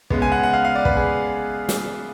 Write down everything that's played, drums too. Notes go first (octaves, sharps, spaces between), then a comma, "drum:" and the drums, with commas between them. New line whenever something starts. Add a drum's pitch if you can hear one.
C#3 G#3 B3, drum: kick
G#5
F#5
F#5
F5
F5
D5
B4, drum: kick
G#4
drum: snare